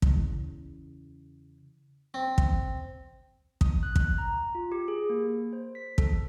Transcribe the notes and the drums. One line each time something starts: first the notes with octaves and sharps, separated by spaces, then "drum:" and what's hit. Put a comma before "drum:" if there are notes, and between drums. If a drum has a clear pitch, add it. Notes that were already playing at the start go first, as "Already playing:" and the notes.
E2 C#3, drum: kick
C4
drum: kick
D#6, drum: kick
F#6
drum: kick
A#5
F4
G4
G#4
A#3
C5
B6
A4, drum: kick